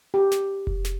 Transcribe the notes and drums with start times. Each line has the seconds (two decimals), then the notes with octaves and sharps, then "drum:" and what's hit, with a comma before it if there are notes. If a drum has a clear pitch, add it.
0.14 G4
0.32 drum: snare
0.67 drum: kick F1
0.85 drum: snare